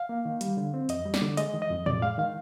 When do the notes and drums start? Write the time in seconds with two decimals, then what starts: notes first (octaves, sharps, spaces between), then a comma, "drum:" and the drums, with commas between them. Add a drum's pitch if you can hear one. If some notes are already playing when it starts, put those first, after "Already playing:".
Already playing: F5
0.09 A#3
0.25 D#3
0.41 G3, drum: hi-hat
0.57 D3
0.74 C4
0.89 F2 D#5, drum: hi-hat
1.06 G3
1.14 D5, drum: snare
1.22 D3
1.37 G#3 D#5, drum: hi-hat
1.54 D#3
1.62 D#5
1.70 F2
1.86 F2 D5, drum: tom A2
2.02 G#3 F5
2.18 D#3 F5